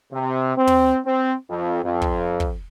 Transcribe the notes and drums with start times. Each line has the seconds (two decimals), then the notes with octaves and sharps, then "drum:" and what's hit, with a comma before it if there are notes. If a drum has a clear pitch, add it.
0.13 C3
0.56 C4
0.67 drum: tom
1.06 C4
1.50 F2
1.84 F2
2.02 drum: kick
2.40 drum: kick